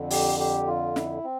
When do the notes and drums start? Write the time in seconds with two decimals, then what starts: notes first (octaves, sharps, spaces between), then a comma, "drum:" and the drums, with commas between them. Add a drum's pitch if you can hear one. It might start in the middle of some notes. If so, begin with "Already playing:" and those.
Already playing: F2 D3
0.10 G4, drum: open hi-hat
0.40 G4
0.67 F4
0.96 E4, drum: snare
1.24 C4